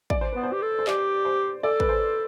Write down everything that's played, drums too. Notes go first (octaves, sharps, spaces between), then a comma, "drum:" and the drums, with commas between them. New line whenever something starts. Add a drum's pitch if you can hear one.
D5, drum: kick
C5
B3 B4
C5
G4
A4
C5
G4 D5, drum: clap
C5
A4 D5
B4, drum: kick
C5